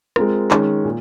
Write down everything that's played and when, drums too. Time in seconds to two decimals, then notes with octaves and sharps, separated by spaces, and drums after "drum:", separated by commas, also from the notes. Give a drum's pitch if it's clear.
0.16 G#3 C4 F4 A#4, drum: rim click
0.51 D#3 G#3 C#4, drum: clap
0.85 A#2